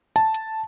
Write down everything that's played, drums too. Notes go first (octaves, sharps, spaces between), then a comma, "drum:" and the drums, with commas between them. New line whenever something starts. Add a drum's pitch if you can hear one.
A5, drum: hi-hat
drum: hi-hat